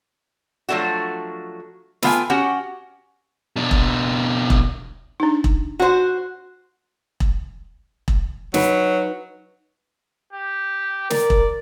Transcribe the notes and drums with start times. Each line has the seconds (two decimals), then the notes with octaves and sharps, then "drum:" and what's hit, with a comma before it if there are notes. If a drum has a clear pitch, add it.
0.69 F3 F#3 A3 D4 F#4
2.02 A3 B3 F4 F5 G5 G#5, drum: snare
2.30 C#4 F#4 G4 F#5
3.56 B2 D4
3.71 drum: kick E1
4.50 drum: kick E1
5.20 D4 D#4
5.44 drum: kick E1
5.80 F#4 C5
7.20 drum: kick E1
8.08 drum: kick E1
8.54 F#3 D#4 B4, drum: snare
10.33 G4
11.10 A#4 D5, drum: snare
11.30 drum: kick E1